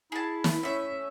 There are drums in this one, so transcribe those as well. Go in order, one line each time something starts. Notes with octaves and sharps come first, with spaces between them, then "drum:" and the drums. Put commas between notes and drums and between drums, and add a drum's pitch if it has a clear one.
E4 G#4 A5
drum: snare
A3 C#4 E5